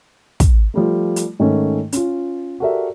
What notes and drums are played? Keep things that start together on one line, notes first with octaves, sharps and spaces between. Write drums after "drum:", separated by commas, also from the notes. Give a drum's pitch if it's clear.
drum: kick, hi-hat
F3 G3 A3
drum: hi-hat
G#2 D#3 A3 C#4
C#4 F4, drum: hi-hat
F#4 G4 A4 A#4 D5 E5